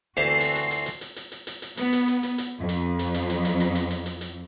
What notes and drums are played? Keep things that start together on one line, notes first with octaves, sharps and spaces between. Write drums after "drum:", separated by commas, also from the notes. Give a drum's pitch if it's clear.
D2 E3 C4 F#4 G4 A4 G#5 C7
drum: hi-hat
drum: hi-hat
drum: hi-hat
drum: hi-hat
drum: hi-hat
drum: hi-hat
drum: hi-hat
drum: hi-hat
drum: hi-hat
B3, drum: hi-hat
drum: hi-hat
drum: hi-hat
drum: hi-hat
drum: hi-hat
F2
drum: hi-hat
drum: hi-hat
drum: hi-hat
drum: hi-hat
drum: hi-hat
drum: hi-hat
drum: hi-hat
drum: hi-hat
drum: hi-hat
drum: hi-hat